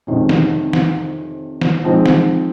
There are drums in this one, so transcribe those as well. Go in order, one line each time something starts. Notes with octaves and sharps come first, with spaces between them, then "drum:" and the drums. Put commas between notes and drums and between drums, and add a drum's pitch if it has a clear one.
F2 C3 D#3 G#3 C#4
drum: snare
drum: snare
drum: snare
F3 G#3 C4 D#4
drum: snare